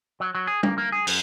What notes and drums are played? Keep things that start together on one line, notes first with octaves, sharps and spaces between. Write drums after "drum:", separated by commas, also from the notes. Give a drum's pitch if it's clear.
F#3
F#3
G#4
A#3, drum: tom
A#3
G#4
F#2, drum: open hi-hat